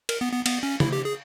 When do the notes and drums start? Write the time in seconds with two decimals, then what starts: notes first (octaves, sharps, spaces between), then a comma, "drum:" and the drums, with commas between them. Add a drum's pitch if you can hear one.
0.09 A#4, drum: cymbal
0.21 B3
0.33 B3
0.46 B3, drum: cymbal
0.63 C#4
0.80 E4, drum: tom C#3
0.92 G4
1.05 G#4